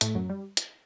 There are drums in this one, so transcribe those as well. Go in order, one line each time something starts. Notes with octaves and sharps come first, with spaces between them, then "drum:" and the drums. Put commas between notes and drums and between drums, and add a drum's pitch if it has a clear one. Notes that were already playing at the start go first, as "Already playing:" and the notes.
A2 A3, drum: hi-hat
F#2 F#3
G3
drum: hi-hat